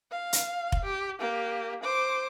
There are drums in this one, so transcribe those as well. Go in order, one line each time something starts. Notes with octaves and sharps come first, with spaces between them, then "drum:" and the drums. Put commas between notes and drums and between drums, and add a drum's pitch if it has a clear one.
F5
drum: hi-hat
drum: kick F1
G4
A#3 G4
C5 D6